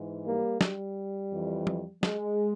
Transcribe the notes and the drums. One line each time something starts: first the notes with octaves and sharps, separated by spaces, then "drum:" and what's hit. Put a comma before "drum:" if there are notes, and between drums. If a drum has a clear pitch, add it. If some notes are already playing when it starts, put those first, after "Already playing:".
Already playing: G#2 E3
G3 A#3
G3, drum: snare
F2 E3
drum: tom
G#3, drum: snare